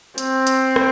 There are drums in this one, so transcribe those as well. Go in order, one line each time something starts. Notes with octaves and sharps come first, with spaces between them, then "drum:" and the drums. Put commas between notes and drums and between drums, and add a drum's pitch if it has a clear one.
C4, drum: hi-hat
drum: hi-hat
drum: rim click